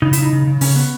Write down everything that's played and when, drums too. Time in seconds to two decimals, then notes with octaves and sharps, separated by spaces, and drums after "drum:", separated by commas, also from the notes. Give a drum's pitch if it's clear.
0.02 C#3 D#4
0.13 E4, drum: hi-hat
0.17 C#3 D#4
0.33 C#3
0.47 C#3
0.61 C#3 C#4, drum: open hi-hat
0.76 B3